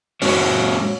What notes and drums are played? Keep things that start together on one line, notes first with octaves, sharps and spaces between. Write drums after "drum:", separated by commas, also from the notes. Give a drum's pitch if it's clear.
G#3 C#4 F#4 C#5, drum: open hi-hat